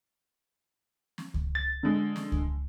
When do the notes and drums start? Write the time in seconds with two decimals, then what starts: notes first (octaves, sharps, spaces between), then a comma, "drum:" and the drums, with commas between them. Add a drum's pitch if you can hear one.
1.18 drum: snare
1.34 drum: kick C#2
1.55 A6
1.83 D3 G#3
2.16 drum: snare
2.32 drum: kick C#2